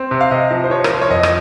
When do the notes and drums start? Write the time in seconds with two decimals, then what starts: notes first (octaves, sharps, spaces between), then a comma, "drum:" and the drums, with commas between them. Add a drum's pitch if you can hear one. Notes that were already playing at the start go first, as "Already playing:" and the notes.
Already playing: C4
0.11 C3
0.21 F5
0.31 C3 D#5
0.51 F3
0.64 C5
0.70 F3 C#5
0.84 A#4, drum: rim click
0.90 F3 C5
1.01 C#5
1.10 F2 D#5
1.23 drum: rim click